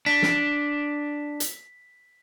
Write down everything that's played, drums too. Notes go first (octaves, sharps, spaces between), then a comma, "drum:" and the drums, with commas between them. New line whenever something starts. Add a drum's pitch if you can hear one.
D4 B6
drum: snare
drum: hi-hat